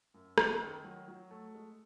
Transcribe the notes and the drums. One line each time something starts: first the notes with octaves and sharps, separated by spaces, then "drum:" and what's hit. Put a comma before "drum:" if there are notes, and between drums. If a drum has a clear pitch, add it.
F#2
F#2, drum: rim click
D#3
F#3
F#3
A3
G#3